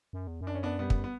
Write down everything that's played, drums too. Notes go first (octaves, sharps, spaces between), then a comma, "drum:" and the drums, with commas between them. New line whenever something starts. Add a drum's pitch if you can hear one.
F#2
E2
F#2
D4
C#4
B3 D4
G3 B3
drum: kick
B3